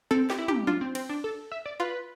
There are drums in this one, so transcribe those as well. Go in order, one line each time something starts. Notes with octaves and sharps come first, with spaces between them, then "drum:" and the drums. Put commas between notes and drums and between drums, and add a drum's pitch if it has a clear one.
C4 A4
G4, drum: snare
E4
G4, drum: tom
D4 F4
C4
C4, drum: cymbal
D4
A4
E5
D5
F4 B4